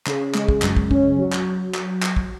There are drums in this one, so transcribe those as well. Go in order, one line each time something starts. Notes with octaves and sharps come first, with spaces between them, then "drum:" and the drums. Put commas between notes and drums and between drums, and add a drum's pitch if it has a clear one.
C#3, drum: clap
G#3, drum: clap
drum: kick
F#2, drum: clap
drum: kick
C#4, drum: kick
F#3
drum: clap
drum: clap
drum: clap
drum: kick